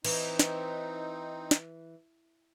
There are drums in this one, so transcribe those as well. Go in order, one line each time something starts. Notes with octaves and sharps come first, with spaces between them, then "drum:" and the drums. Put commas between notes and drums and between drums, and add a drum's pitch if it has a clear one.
E3 C4 D#4, drum: cymbal
drum: snare
drum: snare